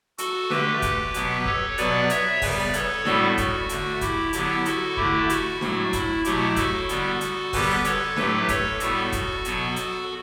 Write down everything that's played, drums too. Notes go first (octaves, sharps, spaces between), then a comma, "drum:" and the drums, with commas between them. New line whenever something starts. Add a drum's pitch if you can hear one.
F#4 A4, drum: hi-hat
D3 A3 G4 B4, drum: snare D4
drum: kick, hi-hat
B2 F#3 B3, drum: hi-hat
A4 C#5, drum: kick
B2 F#3 B3 B4 D5, drum: hi-hat
C#5 E5, drum: hi-hat
C#3 G3 B3 B4 D5, drum: kick, open hi-hat
A4 C#5, drum: hi-hat
A2 G3 B3 F#4 A4, drum: snare D4
F#4, drum: kick, hi-hat
D3 A3, drum: hi-hat
E4 G4, drum: kick, hi-hat
D3 F#3 B3 E4 G4, drum: hi-hat
F#4 A4, drum: hi-hat
D3 A3 E4 G4, drum: kick
F#4, drum: hi-hat
A2 F#3 A3, drum: snare D4
E4, drum: kick, hi-hat
B2 F#3 A3 E4 G4, drum: hi-hat
F#4 A4, drum: kick, hi-hat
D3 G3 B3, drum: hi-hat
drum: hi-hat
D3 G3 B3 G4 B4, drum: kick, open hi-hat
A4 C#5, drum: hi-hat
A2 F#3 A3 G4 B4, drum: snare D4
A4 C#5, drum: kick, hi-hat
A2 G3 B3 F#4 A4, drum: hi-hat
drum: kick, hi-hat
B2 F#3 B3, drum: hi-hat
drum: hi-hat